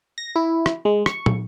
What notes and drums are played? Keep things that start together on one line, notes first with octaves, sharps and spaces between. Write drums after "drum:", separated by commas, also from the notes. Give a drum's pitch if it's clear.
A#6
E4
drum: rim click
G#3
C#6, drum: rim click
drum: tom